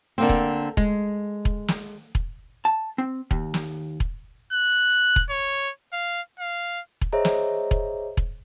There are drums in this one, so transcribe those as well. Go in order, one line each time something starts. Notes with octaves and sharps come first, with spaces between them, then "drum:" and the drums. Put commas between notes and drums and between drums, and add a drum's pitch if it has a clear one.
D3 A#3 C4
drum: kick E1
G#3, drum: kick E1
drum: kick E1
drum: snare
drum: kick E1
A5
C4
D#2, drum: kick E1
drum: snare
drum: kick E1
F#6
drum: kick E1
C#5
F5
F5
drum: kick E1
G#4 C5 C#5 D#5 E5 A#5
drum: snare
drum: kick E1
drum: kick E1